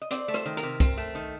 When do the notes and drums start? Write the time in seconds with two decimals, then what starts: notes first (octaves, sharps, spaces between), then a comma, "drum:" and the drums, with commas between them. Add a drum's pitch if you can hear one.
0.01 D#5
0.11 C4 D5, drum: hi-hat
0.28 A3
0.34 C5, drum: rim click
0.45 D#3
0.57 A#4, drum: hi-hat
0.63 C3
0.80 C4, drum: kick C2, hi-hat
0.97 A3
1.15 D#3